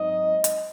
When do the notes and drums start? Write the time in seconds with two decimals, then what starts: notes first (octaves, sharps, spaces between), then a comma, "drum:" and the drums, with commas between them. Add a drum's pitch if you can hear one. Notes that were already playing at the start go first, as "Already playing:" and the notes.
Already playing: G#2 F#3 C4 D#4 D#5
0.44 drum: hi-hat